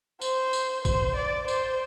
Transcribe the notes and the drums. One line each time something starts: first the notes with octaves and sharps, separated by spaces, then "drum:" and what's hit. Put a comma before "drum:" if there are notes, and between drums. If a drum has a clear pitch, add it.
C5, drum: tambourine
drum: tambourine
C5, drum: kick, tambourine
D5
C5, drum: tambourine